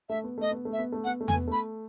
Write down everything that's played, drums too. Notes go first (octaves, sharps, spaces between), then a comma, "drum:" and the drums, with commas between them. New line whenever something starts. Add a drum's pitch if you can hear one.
A3 E5
B3
A3 D#5
B3
A3
E5
B3
A3
B3 F#5
A3
G#5, drum: tom E2
B3
A3 B5